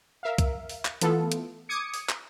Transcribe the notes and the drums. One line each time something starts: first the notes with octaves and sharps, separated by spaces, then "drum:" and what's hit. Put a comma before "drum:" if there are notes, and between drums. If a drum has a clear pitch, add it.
A#4 E5 F5
drum: kick C2, hi-hat
drum: open hi-hat
drum: clap
E3 A3 B3 F4 A4, drum: hi-hat
drum: hi-hat
D6 D#6 G#6 C#7
drum: open hi-hat
drum: clap